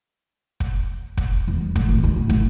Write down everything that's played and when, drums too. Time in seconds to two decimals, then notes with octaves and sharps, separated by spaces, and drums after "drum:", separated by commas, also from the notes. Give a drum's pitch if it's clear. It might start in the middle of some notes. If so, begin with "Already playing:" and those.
0.60 drum: kick
1.17 drum: kick
1.48 E2
1.61 G3
1.76 A2, drum: kick
1.89 G#1
2.04 D2
2.16 B2
2.29 A2, drum: kick